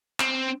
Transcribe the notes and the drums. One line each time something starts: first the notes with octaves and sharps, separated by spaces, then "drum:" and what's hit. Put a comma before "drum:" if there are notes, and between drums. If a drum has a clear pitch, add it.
C4, drum: clap